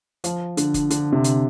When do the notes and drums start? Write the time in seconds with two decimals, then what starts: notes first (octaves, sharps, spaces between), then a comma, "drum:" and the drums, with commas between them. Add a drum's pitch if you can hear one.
0.24 F3, drum: hi-hat
0.57 D3, drum: hi-hat
0.74 drum: kick F1, hi-hat
0.90 D3, drum: hi-hat
1.13 C3
1.24 drum: hi-hat